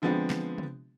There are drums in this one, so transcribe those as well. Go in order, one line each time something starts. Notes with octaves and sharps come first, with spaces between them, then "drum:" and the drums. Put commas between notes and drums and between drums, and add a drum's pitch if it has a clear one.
D3 F3 G#3 B3 C4 D4
drum: snare
drum: tom